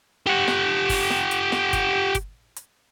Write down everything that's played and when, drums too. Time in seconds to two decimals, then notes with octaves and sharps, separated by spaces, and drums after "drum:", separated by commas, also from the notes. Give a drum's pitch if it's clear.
0.27 G4 F#5
0.48 drum: snare
0.89 drum: kick G1, open hi-hat
1.10 drum: snare
1.31 drum: hi-hat
1.52 drum: snare
1.73 drum: kick G1, hi-hat
2.15 drum: kick G1, hi-hat
2.56 drum: hi-hat